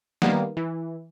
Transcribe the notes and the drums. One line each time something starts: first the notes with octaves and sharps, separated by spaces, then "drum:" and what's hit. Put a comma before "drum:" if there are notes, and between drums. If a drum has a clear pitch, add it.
D#3 G3 A#3 B3, drum: snare
E3